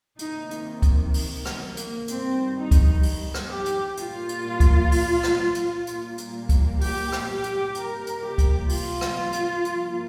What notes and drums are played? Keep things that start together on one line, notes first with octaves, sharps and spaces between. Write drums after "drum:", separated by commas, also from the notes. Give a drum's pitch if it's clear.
C3 D#3 A#3 D#4, drum: hi-hat
drum: hi-hat
drum: kick C#2, hi-hat
drum: open hi-hat
drum: rim click
A#3
drum: hi-hat
G2 D#3 G3 C4, drum: hi-hat
D#4
drum: kick C#2, hi-hat
drum: open hi-hat
drum: rim click
G4
drum: hi-hat
A#2 G3 A#3 F4, drum: hi-hat
drum: hi-hat
drum: kick C#2, hi-hat
drum: open hi-hat
drum: rim click
drum: hi-hat
A#2 G3 A#3, drum: hi-hat
drum: hi-hat
drum: kick C#2, hi-hat
G4, drum: open hi-hat
drum: rim click
G4
drum: hi-hat
C3 G3 A#3 A#4, drum: hi-hat
drum: hi-hat
G4
drum: kick C#2, hi-hat
F4, drum: open hi-hat
drum: rim click
drum: hi-hat
G2 F3 A#3, drum: hi-hat